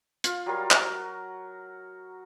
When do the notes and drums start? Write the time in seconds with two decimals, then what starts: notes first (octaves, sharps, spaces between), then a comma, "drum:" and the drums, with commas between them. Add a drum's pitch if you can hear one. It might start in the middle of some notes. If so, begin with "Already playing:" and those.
0.24 F4 F5, drum: hi-hat
0.46 F#3 G3 F4 A#4
0.71 F#4, drum: clap